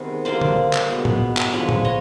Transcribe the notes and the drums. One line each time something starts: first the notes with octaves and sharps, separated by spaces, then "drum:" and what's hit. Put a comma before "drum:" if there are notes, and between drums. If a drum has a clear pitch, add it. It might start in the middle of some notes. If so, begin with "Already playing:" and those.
Already playing: C3 D#3 G#3 B3
D3 G3 A#3 C5 D5
drum: tom
drum: clap
B2 G#3 B3
drum: tom G#2
drum: clap
D3 F3 G#3 B4 C#5
drum: tom G#2
C#5 D#5